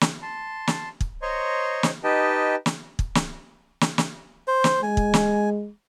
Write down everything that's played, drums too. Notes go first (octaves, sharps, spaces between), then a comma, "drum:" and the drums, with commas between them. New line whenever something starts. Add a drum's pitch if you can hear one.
drum: snare
A5 C6
drum: snare
drum: kick
C5 C#5 D#5 A#5 C6 C#6
drum: snare
D#4 G4 B4 D#5 G5 A5
drum: snare
drum: kick
drum: snare
drum: snare
drum: snare
C5
drum: snare
G#3 G#5
drum: kick
drum: snare